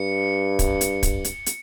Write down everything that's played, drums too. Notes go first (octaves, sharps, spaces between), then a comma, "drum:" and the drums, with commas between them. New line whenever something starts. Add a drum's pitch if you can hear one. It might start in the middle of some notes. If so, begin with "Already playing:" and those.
Already playing: G2 C#7
drum: kick, hi-hat
drum: hi-hat
drum: kick, hi-hat
drum: hi-hat
drum: hi-hat